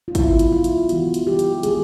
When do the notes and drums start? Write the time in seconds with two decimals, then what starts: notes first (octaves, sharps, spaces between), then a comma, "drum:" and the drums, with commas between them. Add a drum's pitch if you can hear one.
0.08 F4
0.15 C#3 F#3 B3 E4, drum: kick, hi-hat
0.39 drum: hi-hat
0.52 F4
0.64 drum: hi-hat
0.89 E3 G#3 B3 F#4, drum: hi-hat
1.14 drum: hi-hat
1.27 G4
1.39 drum: hi-hat
1.63 D#3 G#3 B3 G#4, drum: hi-hat